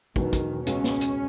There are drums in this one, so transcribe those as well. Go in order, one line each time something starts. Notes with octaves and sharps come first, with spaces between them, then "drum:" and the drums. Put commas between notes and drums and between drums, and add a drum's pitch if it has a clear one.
E1 E2 B2 D#3 F#3 B3, drum: kick
drum: kick, hi-hat
C#2 B2 G#3 C#4, drum: hi-hat
drum: snare
drum: hi-hat